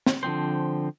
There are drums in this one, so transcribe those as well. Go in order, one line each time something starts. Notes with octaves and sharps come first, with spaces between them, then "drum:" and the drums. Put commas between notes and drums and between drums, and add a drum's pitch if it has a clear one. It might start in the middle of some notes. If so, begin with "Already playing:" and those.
drum: snare
D3 F3 C4 C5